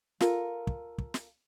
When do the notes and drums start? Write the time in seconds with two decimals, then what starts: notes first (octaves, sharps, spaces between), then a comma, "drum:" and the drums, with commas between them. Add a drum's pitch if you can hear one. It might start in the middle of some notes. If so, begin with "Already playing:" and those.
0.20 F4 A4 A#4, drum: snare
0.67 drum: kick
0.98 drum: kick
1.14 drum: snare